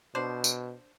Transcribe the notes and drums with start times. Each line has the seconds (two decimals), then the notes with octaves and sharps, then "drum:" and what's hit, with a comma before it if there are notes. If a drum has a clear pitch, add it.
0.15 B2 D4 C5
0.44 drum: tambourine